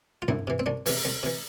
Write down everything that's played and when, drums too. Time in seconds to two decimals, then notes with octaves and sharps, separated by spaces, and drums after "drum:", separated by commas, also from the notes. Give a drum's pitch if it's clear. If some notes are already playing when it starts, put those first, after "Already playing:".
0.22 F4
0.28 C2 E4, drum: tom G2
0.47 C3 E3
0.59 C4
0.66 C2 D4
0.86 C3 E3, drum: open hi-hat
1.05 C2
1.23 C3 E3